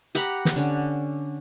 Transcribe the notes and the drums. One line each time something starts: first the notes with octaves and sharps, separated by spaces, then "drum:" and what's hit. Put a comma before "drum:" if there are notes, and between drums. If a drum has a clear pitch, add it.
G4 F#5 A#5 B5, drum: hi-hat
drum: snare
D3 C#4